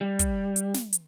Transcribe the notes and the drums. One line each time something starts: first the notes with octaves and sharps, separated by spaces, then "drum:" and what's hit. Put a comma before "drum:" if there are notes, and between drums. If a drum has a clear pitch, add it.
G3
drum: kick, hi-hat
drum: hi-hat
drum: snare
drum: hi-hat